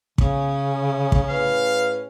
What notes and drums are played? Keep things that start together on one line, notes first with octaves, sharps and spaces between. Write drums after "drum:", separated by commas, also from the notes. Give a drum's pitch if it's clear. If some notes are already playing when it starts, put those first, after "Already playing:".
C#3 C#4, drum: kick
drum: kick
A2 G#4 B4 F5